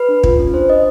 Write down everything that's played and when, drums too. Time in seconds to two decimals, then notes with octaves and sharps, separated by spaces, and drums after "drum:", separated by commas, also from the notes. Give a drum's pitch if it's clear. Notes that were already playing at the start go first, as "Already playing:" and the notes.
Already playing: B4
0.09 D4
0.24 F4, drum: kick
0.39 C#4
0.54 D4 C5
0.69 D4 D#5